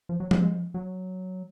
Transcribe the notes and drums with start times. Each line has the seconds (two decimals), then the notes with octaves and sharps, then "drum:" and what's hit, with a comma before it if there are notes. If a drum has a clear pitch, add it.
0.09 F3
0.20 F#3
0.31 G#3, drum: tom F3
0.42 G#3
0.74 F#3